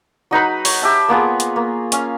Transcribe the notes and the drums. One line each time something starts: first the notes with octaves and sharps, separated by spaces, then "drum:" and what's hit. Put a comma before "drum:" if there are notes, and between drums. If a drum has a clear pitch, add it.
F#3 D#4 B4 B5
C#5, drum: open hi-hat
G4 E5 A5
A#3 B3 F4 G#4
drum: hi-hat
A#3
C#4 F5, drum: hi-hat